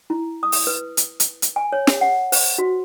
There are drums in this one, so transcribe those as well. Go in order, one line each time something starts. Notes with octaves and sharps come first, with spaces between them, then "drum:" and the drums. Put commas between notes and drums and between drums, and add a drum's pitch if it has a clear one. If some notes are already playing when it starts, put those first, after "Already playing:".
E4
D#6
drum: open hi-hat
B4
drum: hi-hat
drum: hi-hat
drum: hi-hat
G#5
C#5
drum: snare
F#5
C5, drum: open hi-hat
F#4